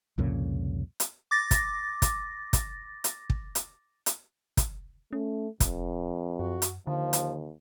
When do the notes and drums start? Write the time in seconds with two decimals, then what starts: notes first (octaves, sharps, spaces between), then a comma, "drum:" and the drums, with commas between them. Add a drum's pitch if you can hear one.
0.18 C2 F2 A#2 C#3
1.00 drum: hi-hat
1.31 D6 A6 A#6
1.51 drum: kick, hi-hat
2.02 drum: kick, hi-hat
2.53 drum: kick, hi-hat
3.04 drum: hi-hat
3.30 drum: kick
3.55 drum: hi-hat
4.06 drum: hi-hat
4.57 drum: kick, hi-hat
5.13 A3 C#4
5.60 E1 F2, drum: kick, hi-hat
6.39 F#2 F#4
6.62 drum: hi-hat
6.87 D#2 D3 F3
7.13 drum: hi-hat